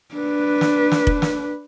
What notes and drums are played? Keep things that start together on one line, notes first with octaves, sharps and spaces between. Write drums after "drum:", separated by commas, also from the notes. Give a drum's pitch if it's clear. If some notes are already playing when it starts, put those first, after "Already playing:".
D4 B4
drum: snare
drum: snare
drum: kick F1
drum: snare